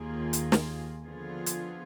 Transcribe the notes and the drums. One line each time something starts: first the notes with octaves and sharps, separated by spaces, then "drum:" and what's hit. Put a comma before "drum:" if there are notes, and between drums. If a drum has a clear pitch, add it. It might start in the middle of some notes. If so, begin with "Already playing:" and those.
Already playing: D#2 D#3 A#3 F4 G#4
drum: hi-hat
drum: snare
D3 F3 B3 F4 G#4
drum: hi-hat